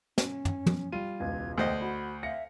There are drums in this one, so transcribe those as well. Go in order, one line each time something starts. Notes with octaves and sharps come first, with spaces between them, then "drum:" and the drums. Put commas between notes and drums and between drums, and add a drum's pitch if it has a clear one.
C#4, drum: snare
drum: tom
drum: tom
G3 F4 D#7
E1 C#2 G#6
D2 C5 D#5 G5
F#4 B5
E5 F5 A#6 C#7